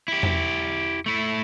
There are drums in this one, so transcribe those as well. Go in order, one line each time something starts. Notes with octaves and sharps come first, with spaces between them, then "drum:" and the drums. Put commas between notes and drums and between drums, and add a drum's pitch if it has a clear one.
E4 G4
drum: tom E2
A3 E4